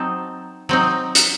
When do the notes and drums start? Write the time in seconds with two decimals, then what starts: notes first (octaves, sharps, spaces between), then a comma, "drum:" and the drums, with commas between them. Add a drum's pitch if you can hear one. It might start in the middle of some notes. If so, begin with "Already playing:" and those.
Already playing: F#3 C4 D#4 A5
0.69 F#3 C4 D#4
1.15 drum: hi-hat